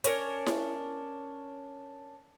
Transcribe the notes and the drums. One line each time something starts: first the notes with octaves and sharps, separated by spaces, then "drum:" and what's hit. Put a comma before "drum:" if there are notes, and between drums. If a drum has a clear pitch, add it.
C#4 D4 A#4 C#5, drum: hi-hat
drum: snare E4